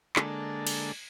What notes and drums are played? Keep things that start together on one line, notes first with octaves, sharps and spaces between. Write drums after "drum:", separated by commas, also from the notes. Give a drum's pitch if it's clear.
D3 G#3 A#3 D4 A4, drum: clap
drum: cymbal